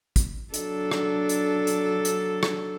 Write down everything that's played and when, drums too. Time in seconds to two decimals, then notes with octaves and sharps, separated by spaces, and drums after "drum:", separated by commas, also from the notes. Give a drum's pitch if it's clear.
0.16 drum: kick, hi-hat
0.54 F#3 D4 A4, drum: hi-hat
0.91 drum: rim click
1.29 drum: hi-hat
1.67 drum: hi-hat
2.05 drum: hi-hat
2.43 drum: rim click